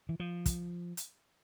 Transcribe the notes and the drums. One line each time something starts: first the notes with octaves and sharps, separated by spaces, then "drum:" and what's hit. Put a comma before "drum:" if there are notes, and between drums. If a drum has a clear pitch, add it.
E3
F3
drum: kick, hi-hat
drum: hi-hat